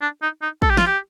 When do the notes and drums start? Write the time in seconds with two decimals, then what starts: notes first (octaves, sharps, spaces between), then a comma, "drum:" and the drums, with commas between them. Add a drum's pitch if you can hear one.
0.01 D4
0.22 D#4
0.42 D#4
0.62 A4, drum: kick
0.70 G4
0.77 F4, drum: snare
0.86 G4